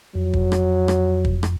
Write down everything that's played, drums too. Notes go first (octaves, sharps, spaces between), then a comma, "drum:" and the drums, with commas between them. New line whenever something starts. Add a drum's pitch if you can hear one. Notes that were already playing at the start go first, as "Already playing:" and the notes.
F2 F#3
drum: kick
drum: rim click
drum: rim click
drum: kick
drum: rim click